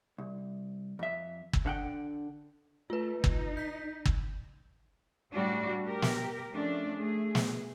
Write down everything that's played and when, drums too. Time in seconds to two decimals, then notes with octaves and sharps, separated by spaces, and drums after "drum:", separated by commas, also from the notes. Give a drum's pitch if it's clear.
0.18 C2
0.99 F2 E5
1.53 drum: kick
1.66 D3 F#5 G5
2.90 A3 F4 B4
3.24 D#4, drum: kick
3.57 G6 B6
4.05 drum: kick
5.33 A2 G3 D4 F#4
5.87 G4 A#4
6.02 drum: snare
6.52 F3 A3 C#4 D4
6.98 A3 G#4
7.35 drum: snare